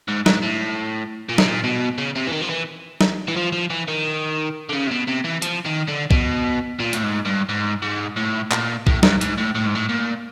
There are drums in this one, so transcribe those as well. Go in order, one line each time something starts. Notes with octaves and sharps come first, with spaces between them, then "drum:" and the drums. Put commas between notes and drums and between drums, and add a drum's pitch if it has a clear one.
G#2
G#2, drum: snare
A2
A#2
B2, drum: snare
A#2
B2
C#3
C3
E3
D#3
F3
E3
drum: snare
E3
F3
F3
E3
D#3
D3
C#3
C3
B2
C3
E3
F3, drum: hi-hat
D#3
D3
B2, drum: kick
A#2
A2, drum: hi-hat
G#2
G2
G#2
G#2
A2
A#2, drum: clap
A2, drum: kick
G2, drum: snare
G#2, drum: hi-hat
A2
A2
G#2
A2
A#2